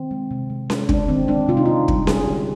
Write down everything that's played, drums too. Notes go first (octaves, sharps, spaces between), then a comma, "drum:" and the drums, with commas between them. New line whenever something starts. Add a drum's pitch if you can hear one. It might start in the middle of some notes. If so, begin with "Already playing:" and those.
Already playing: D#3 C4
G#3
C3
G#3
G#3, drum: snare C#4
G#3 D4, drum: kick
D#3 C4
G#3 D4
C3 F4
D#4
C3 F4
G3, drum: kick
G#3 G#4, drum: snare C#4
D3 G4